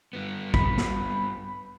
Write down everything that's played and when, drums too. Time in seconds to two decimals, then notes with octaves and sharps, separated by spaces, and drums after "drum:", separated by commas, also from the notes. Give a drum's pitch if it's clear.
0.13 G2 B3
0.54 B5, drum: kick
0.77 drum: snare